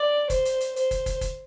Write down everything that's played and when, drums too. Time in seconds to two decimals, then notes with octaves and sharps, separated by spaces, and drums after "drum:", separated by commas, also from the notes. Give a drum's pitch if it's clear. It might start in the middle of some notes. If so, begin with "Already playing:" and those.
Already playing: D5
0.30 C5, drum: kick, hi-hat
0.45 drum: hi-hat
0.60 drum: hi-hat
0.76 C5, drum: hi-hat
0.91 drum: kick, hi-hat
1.06 drum: kick, hi-hat
1.21 drum: kick, hi-hat